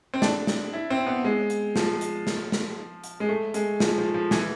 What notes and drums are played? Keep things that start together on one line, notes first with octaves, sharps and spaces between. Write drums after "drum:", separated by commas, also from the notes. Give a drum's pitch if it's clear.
C4
D4, drum: snare
drum: snare
E4
C4
B3
G#3
drum: hi-hat
F3, drum: snare
drum: hi-hat
drum: snare
drum: snare
drum: hi-hat
G#3
A3
G#3, drum: hi-hat
F3, drum: snare
F3
F3
E3, drum: snare